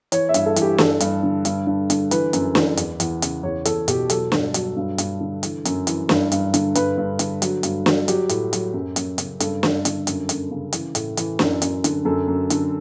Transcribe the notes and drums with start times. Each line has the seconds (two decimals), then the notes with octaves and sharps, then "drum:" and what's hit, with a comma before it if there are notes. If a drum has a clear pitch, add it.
0.12 E3 C#5, drum: hi-hat
0.29 E5
0.34 G2, drum: hi-hat
0.46 A4
0.56 E3, drum: hi-hat
0.62 G4
0.78 G2 A4, drum: snare
1.00 G2, drum: hi-hat
1.23 D3
1.45 G2, drum: hi-hat
1.67 G2
1.90 D3, drum: hi-hat
2.11 E3 B4, drum: hi-hat
2.33 F#2, drum: hi-hat
2.55 E3, drum: snare
2.77 E2, drum: hi-hat
3.00 E2, drum: hi-hat
3.22 C#3, drum: hi-hat
3.43 E2 C#5
3.65 E2 A4, drum: hi-hat
3.88 B2 G4, drum: hi-hat
4.10 F#3 A4, drum: hi-hat
4.32 G2, drum: snare
4.54 F#3, drum: hi-hat
4.77 G2
4.98 G2, drum: hi-hat
5.20 D3
5.43 E3, drum: hi-hat
5.65 F#2, drum: hi-hat
5.87 E3, drum: hi-hat
6.09 G2, drum: snare
6.32 G2, drum: hi-hat
6.54 D3, drum: hi-hat
6.75 G2 B4, drum: hi-hat
6.98 G2
7.19 D3, drum: hi-hat
7.42 F#3, drum: hi-hat
7.63 G2, drum: hi-hat
7.86 F#3, drum: snare
8.08 F#3 G4, drum: hi-hat
8.29 A2, drum: hi-hat
8.53 F#3, drum: hi-hat
8.74 F#2
8.96 F#2, drum: hi-hat
9.18 C#3, drum: hi-hat
9.40 G2 A4, drum: hi-hat
9.63 G2, drum: snare
9.85 D3, drum: hi-hat
10.07 F#2, drum: hi-hat
10.29 F#2, drum: hi-hat
10.51 C#3
10.73 E3, drum: hi-hat
10.95 A2, drum: hi-hat
11.17 E3, drum: hi-hat
11.39 F#2, drum: snare
11.62 F#2, drum: hi-hat
11.84 D3, drum: hi-hat
12.05 F#2 A4
12.28 F#2
12.50 D3, drum: hi-hat